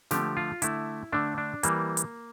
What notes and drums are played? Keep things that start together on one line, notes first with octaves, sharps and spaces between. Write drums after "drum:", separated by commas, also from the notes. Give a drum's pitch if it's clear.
D3 F3 A3 G4, drum: snare
F4
D3 A3 E4, drum: hi-hat
D3 A3 D4
D4
E3 G3 A#3, drum: hi-hat
drum: hi-hat